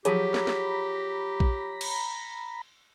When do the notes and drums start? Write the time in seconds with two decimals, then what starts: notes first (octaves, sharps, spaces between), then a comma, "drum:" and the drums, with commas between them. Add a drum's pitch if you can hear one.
0.05 F3 F#3 G4 G#4 C#5 A#5 B5 B6, drum: hi-hat
0.34 drum: snare
0.47 drum: snare
1.40 drum: kick A#1
1.81 drum: cymbal